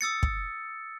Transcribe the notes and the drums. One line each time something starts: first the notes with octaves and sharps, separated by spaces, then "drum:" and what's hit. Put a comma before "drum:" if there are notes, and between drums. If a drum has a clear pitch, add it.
D#6 E6 A6 C#7
drum: kick